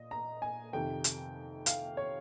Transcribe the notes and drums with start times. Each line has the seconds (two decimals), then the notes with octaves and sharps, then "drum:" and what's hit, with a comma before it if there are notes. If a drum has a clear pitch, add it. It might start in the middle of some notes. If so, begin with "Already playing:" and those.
Already playing: A#2 D#5
0.11 A#5
0.42 G#5
0.73 F2 C3 D#3 G5
1.04 drum: hi-hat
1.66 F5, drum: hi-hat
1.97 C#5